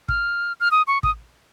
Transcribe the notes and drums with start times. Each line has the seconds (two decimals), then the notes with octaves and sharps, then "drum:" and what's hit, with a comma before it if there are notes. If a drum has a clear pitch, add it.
0.08 F6, drum: kick
0.60 F6
0.71 D#6
0.87 C#6
1.03 D#6, drum: kick